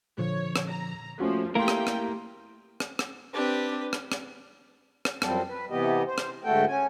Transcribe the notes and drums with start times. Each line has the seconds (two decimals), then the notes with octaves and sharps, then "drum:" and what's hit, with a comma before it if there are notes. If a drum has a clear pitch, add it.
0.18 A#2 D3 F3 C#5
0.56 drum: rim click
0.69 A#5
1.20 F3 A3 A#3 C#4 F#4
1.55 A3 A#3 E4 G4 A#4 F5 G5 C6
1.68 drum: rim click
1.87 drum: rim click
2.80 drum: rim click
2.99 drum: rim click
3.34 C4 D4 G4 B4
3.93 drum: rim click
4.12 drum: rim click
5.05 drum: rim click
5.22 F#2 F3 G3 C4 A4, drum: rim click
5.49 B4
5.70 C3 E3 B3 G4 D#5
6.06 C5
6.18 drum: rim click
6.44 D2 G#2 A3 F#4 A4 G5
6.68 C#4 G#5